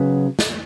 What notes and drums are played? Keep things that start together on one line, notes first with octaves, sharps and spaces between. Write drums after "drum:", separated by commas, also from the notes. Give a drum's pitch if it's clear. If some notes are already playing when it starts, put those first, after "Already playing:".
Already playing: C#3 F#3 B3
drum: snare